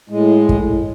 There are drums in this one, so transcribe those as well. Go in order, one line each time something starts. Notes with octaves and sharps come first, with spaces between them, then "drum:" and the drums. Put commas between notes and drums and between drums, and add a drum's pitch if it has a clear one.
A2 G#3
drum: kick